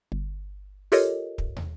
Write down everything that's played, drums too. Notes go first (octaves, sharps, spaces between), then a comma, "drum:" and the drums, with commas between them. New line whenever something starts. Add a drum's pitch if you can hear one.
G1
F4 G4 A4 A#4 C#5 D#5, drum: open hi-hat
drum: kick
drum: tom